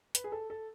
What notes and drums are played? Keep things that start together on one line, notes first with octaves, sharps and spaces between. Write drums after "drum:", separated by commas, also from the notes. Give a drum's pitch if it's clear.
B4, drum: hi-hat
G#4
A4
A4